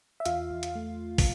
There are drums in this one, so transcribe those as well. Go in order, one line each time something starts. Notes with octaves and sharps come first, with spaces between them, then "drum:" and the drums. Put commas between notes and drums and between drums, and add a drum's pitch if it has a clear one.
E5
E2 F4 F5, drum: hi-hat
E2
drum: hi-hat
A3
drum: kick, open hi-hat